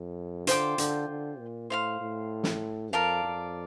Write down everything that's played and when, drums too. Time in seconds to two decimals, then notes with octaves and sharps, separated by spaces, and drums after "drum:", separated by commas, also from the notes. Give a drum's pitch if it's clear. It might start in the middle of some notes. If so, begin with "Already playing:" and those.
Already playing: F2
0.47 D3 F4 C5 G5 D6, drum: hi-hat
0.78 D3, drum: hi-hat
1.08 D3
1.39 A#2
1.70 A2 C5 F5 C6
2.01 A2
2.44 drum: snare
2.92 F2 A#4 D5 F5 A5
3.24 F2